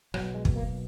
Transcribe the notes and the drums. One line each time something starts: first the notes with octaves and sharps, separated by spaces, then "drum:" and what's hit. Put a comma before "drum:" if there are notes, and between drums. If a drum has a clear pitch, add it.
B1 B2 F#3, drum: rim click
G#3
drum: kick
A#3